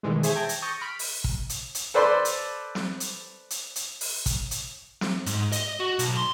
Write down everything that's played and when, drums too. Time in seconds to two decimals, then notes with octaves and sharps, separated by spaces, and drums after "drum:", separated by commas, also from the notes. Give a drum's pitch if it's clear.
0.03 B2 D#3 E3 G3 G#3
0.23 G#4 C5 E5 G#5 C#6, drum: hi-hat
0.35 G5 A5 G#6 A#6
0.49 drum: hi-hat
0.62 C#6 D#6 G6 A6 A#6 C#7
0.80 B5 F6 D7
0.99 drum: open hi-hat
1.24 drum: kick
1.49 drum: hi-hat
1.75 drum: hi-hat
1.94 A4 B4 C5 D5 B5 C6
2.25 drum: hi-hat
2.75 drum: snare
3.00 drum: hi-hat
3.50 drum: hi-hat
3.76 drum: hi-hat
4.01 drum: open hi-hat
4.26 drum: kick, hi-hat
4.51 drum: hi-hat
5.01 drum: snare
5.26 G#2, drum: hi-hat
5.52 D#5, drum: hi-hat
5.80 F#4
5.99 B1, drum: hi-hat
6.17 C6